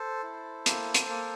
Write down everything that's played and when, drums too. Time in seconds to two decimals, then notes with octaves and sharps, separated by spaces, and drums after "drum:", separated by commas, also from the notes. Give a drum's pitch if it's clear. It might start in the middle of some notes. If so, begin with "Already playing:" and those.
Already playing: A4 C5
0.23 E4
0.66 A#3, drum: hi-hat
0.94 drum: hi-hat
1.09 A#3